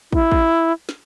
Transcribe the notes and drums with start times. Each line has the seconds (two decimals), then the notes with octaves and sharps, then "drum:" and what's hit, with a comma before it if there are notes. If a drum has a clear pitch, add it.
0.13 E4, drum: kick
0.32 drum: kick
0.89 drum: snare